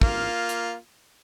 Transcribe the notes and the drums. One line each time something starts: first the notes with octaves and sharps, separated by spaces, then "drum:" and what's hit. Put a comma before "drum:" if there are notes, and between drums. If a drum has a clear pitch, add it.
A#3 F4, drum: kick
drum: hi-hat